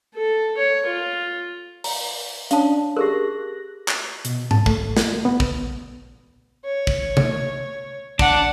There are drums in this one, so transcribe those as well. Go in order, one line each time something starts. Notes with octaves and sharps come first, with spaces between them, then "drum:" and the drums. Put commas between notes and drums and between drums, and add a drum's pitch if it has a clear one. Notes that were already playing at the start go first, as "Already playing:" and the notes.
A4
C#5
F4
A#5, drum: open hi-hat
C#4 D4 F5 A5, drum: hi-hat
G4 G#4 A#4 F#6 A#6
drum: clap
B2, drum: hi-hat
A5, drum: tom G#2
A3, drum: kick
drum: snare
B3
drum: kick
C#5
drum: kick
drum: tom C3
D4 F#5, drum: kick